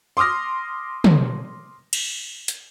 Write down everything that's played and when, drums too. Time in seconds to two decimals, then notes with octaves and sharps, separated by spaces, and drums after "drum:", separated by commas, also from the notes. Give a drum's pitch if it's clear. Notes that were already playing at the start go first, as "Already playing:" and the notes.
0.17 C6 D6 D#6 F6 A#6
1.04 drum: tom
1.93 drum: cymbal
2.48 drum: hi-hat